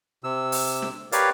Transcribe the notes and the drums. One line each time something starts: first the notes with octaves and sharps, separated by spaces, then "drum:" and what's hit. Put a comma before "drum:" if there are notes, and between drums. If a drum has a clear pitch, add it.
C3 E6
drum: open hi-hat
drum: snare
G4 A#4 B4 C#5 D5 F5, drum: hi-hat